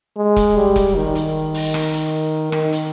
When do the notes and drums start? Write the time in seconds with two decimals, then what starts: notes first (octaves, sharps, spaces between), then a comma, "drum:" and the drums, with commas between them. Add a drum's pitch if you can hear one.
0.17 G#3
0.36 drum: kick F1, hi-hat
0.56 G3
0.76 drum: kick F1, hi-hat
0.95 D#3
1.15 drum: hi-hat
1.54 drum: open hi-hat
1.74 drum: rim click
1.94 drum: hi-hat
2.52 D#3, drum: rim click
2.72 drum: hi-hat